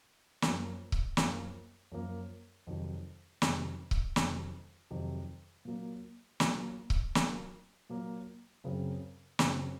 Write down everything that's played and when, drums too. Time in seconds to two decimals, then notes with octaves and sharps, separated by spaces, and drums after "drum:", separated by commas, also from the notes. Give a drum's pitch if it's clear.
0.42 F#2 F3 A#3, drum: snare
0.92 drum: kick C#1
1.17 F#2 F3 A#3, drum: snare
1.92 F#2 F3 A#3
2.67 F2 C3 D#3 F#3
3.42 F2 C3 D#3 F#3, drum: snare
3.91 drum: kick C#1
4.16 F2 C3 D#3 F#3, drum: snare
4.91 F2 C3 D#3 F#3
5.65 A#2 F#3 A#3
6.40 A#2 F#3 A#3, drum: snare
6.90 drum: kick C#1
7.15 A#2 F#3 A#3, drum: snare
7.89 A#2 F#3 A#3
8.64 F#2 C#3 F#3 C4
9.39 F#2 C#3 F#3 C4, drum: snare